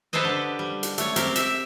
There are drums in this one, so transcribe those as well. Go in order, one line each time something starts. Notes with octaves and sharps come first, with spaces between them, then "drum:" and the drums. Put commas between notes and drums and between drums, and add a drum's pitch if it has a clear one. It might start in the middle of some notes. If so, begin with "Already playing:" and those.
G4 A4 B4 C5 D#5
D3
G3
drum: hi-hat
A3 C#5, drum: hi-hat
C4 G4 A#4, drum: hi-hat
E5, drum: hi-hat